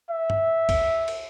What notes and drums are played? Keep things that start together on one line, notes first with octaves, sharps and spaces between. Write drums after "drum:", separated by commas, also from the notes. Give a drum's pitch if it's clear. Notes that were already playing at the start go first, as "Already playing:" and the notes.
E5
drum: tom G2
drum: kick, cymbal
drum: cymbal